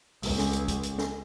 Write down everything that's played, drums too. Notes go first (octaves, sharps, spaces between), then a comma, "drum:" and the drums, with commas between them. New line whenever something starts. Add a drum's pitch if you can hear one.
C#2, drum: open hi-hat
drum: snare
drum: hi-hat
drum: kick C#2, hi-hat
drum: hi-hat
drum: snare